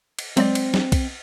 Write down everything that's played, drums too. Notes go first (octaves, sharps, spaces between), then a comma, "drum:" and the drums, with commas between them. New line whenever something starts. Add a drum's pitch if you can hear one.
drum: cymbal
F#3 G#3 C4 D5, drum: cymbal
drum: cymbal
drum: snare
drum: kick, cymbal